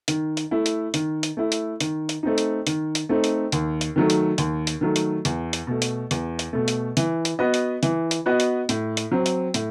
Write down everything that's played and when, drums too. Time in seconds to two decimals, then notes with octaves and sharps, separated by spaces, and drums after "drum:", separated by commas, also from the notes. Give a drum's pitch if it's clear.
0.08 D#3, drum: hi-hat
0.37 drum: hi-hat
0.51 A3 E4
0.66 drum: hi-hat
0.94 D#3, drum: hi-hat
1.23 drum: hi-hat
1.37 A3 E4
1.52 drum: hi-hat
1.80 D#3, drum: hi-hat
2.09 drum: hi-hat
2.23 A3 C4 D#4
2.38 drum: hi-hat
2.67 D#3, drum: hi-hat
2.95 drum: hi-hat
3.09 A3 C4 D#4
3.24 drum: hi-hat
3.52 D#2, drum: hi-hat
3.81 drum: hi-hat
3.96 D#3 F#3 A3
4.10 drum: hi-hat
4.38 D#2, drum: hi-hat
4.67 drum: hi-hat
4.81 D#3 F#3 A3
4.96 drum: hi-hat
5.25 E2, drum: hi-hat
5.53 drum: hi-hat
5.67 B2 A3
5.82 drum: hi-hat
6.11 E2, drum: hi-hat
6.39 drum: hi-hat
6.53 B2 A3
6.68 drum: hi-hat
6.97 E3, drum: hi-hat
7.25 drum: hi-hat
7.39 B3 F#4 B4 D#5
7.54 drum: hi-hat
7.83 E3, drum: hi-hat
8.11 drum: hi-hat
8.26 B3 F#4 B4 D#5
8.40 drum: hi-hat
8.69 A2, drum: hi-hat
8.97 drum: hi-hat
9.12 F#3 C4
9.26 drum: hi-hat
9.54 A2, drum: hi-hat